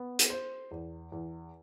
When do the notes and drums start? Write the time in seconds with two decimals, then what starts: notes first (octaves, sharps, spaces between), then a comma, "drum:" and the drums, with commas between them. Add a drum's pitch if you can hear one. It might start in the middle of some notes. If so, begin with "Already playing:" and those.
Already playing: B3
0.19 drum: hi-hat
0.30 C5
0.71 E2
1.12 E2